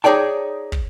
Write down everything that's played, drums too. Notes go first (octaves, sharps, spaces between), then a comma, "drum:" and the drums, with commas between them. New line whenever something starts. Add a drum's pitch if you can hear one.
D#4 G#4 C#5 D5 G5 A5
drum: kick